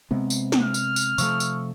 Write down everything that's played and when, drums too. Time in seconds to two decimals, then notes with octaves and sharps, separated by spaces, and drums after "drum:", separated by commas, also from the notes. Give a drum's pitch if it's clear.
0.11 C3 G#3 B3 C4
0.30 drum: tambourine
0.52 drum: snare
0.62 F6
0.74 drum: tambourine
0.96 drum: tambourine
1.18 C3 F3 A3 C#6 E6, drum: tambourine
1.40 drum: tambourine